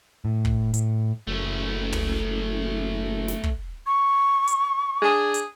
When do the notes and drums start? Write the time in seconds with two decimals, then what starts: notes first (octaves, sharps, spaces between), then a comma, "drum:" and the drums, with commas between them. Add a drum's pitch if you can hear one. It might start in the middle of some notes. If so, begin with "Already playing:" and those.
0.25 A2
0.45 drum: kick
0.74 A2, drum: hi-hat
1.27 F#1 A3 C#4
1.92 drum: tom
3.28 drum: snare
3.44 drum: kick
3.86 C#6
4.47 drum: hi-hat
5.02 D4 G#4
5.34 drum: hi-hat